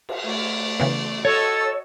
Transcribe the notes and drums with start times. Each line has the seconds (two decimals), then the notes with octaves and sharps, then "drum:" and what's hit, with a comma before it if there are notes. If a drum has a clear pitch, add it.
0.09 drum: cymbal
0.24 A3 D5
0.80 C#3 E3 B3
1.25 F#4 A4 C#5 D#5 E6